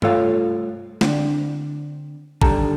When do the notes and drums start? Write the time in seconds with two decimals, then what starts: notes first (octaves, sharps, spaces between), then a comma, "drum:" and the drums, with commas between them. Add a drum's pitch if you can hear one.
0.02 C2 A3 F4 A4 C#5 F5, drum: tom G2
1.01 D3 C4 D4, drum: snare
2.42 D3 D#3 G3 A4 A5 A#5, drum: kick A1